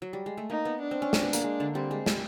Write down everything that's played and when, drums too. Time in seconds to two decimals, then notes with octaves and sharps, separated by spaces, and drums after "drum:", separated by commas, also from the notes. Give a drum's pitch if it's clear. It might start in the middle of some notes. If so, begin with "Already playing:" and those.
0.02 F#3
0.13 G3
0.26 G#3
0.38 A3
0.50 A#3 D#4
0.65 B3
0.81 D4
0.91 C4
1.02 C#4
1.13 C4, drum: snare
1.23 B3
1.33 A#3, drum: hi-hat
1.44 G#3
1.60 D3
1.75 G3 C4
1.91 G#3
2.06 G3, drum: snare